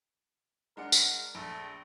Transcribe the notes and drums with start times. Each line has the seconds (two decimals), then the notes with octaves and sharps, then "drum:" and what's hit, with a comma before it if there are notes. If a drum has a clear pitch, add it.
0.77 G#3 D4 A#4 F#5
0.92 drum: tambourine
1.35 A#1 A3